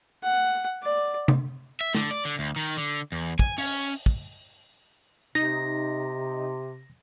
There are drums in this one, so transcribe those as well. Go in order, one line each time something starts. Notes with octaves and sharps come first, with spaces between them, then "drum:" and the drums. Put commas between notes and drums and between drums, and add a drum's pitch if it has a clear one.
F#5
D5
drum: tom C3
E5
D3, drum: snare
D5
D3
D2
D#3
D3
E2
G#5, drum: kick
C#4, drum: open hi-hat
drum: kick
C3 D#4 A#6